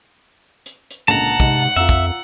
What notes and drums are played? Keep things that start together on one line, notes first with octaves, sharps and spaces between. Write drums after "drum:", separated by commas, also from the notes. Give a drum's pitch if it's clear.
drum: hi-hat
drum: hi-hat
C#2 A#2 D3 F#5 A5 A#5
G#2 C3, drum: kick, hi-hat
F2 F4 E5 A#5 E6
drum: kick, hi-hat